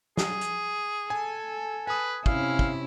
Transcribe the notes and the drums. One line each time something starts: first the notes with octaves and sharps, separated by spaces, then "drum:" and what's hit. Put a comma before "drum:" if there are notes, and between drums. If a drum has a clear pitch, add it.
G#4, drum: snare
drum: hi-hat
A4 G#5
B4 G#5 D#6
C3 C#4 E4 F5, drum: kick
drum: kick